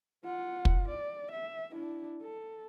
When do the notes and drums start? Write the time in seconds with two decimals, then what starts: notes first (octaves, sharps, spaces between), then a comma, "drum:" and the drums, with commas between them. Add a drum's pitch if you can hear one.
0.24 F4 F#5
0.65 drum: kick
0.89 D5
1.31 E5
1.72 D4 E4
2.22 A4